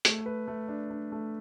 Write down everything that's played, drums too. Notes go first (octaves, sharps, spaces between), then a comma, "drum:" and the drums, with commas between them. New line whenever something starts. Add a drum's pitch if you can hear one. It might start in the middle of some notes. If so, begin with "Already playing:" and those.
A3, drum: hi-hat
B4
A3
D4
D4
A3